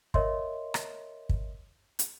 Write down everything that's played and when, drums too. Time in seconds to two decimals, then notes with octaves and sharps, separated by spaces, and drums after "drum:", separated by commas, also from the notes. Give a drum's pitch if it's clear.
0.14 A#4 C#5 D#5 E5 C6, drum: kick
0.74 drum: rim click
1.29 drum: kick
1.99 drum: hi-hat